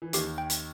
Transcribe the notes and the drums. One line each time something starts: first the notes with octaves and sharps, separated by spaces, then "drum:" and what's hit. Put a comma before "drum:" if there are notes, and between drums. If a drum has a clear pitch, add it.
E3
D#2 D#3 G4, drum: hi-hat
G5
drum: hi-hat